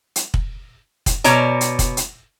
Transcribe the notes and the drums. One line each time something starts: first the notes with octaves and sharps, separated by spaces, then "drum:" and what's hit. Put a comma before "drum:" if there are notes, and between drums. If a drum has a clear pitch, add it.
drum: hi-hat
drum: kick
drum: kick, hi-hat
B2 C#5 D5 A#5, drum: hi-hat
drum: hi-hat
drum: kick, hi-hat
drum: hi-hat